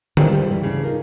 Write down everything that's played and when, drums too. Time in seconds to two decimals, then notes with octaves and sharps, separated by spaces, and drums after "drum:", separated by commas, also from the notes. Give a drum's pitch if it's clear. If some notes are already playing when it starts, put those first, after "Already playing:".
0.17 G3 G#3 A#3 C4 C#4 F4, drum: tom
0.32 D#2 C3 G3 C5
0.49 G2 E3 G3
0.62 D2 C#3 E3 D4
0.84 D#4 F4 A#4